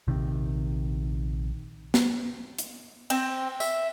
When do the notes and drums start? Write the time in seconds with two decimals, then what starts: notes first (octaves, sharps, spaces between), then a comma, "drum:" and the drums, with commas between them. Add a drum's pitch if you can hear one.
0.08 A#1 C3 D#3
1.94 drum: snare
2.59 drum: hi-hat
3.10 C4, drum: cymbal
3.60 E5, drum: tambourine